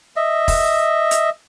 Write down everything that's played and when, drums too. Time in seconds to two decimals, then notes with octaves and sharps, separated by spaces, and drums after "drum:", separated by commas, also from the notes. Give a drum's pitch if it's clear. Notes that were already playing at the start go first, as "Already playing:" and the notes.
0.16 D#5 E5
0.48 drum: kick, open hi-hat
1.11 drum: hi-hat